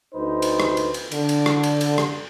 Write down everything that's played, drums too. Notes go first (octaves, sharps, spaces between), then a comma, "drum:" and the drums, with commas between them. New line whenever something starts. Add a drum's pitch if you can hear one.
D2 D#4 B4 C5
drum: cymbal
drum: rim click
drum: cymbal
drum: cymbal
D3, drum: cymbal
drum: cymbal
drum: rim click
drum: cymbal
drum: cymbal
drum: rim click